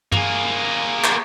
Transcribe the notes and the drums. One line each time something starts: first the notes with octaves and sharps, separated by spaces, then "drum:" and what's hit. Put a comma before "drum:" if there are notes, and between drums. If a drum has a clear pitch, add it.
A#3 G#4, drum: tom
drum: clap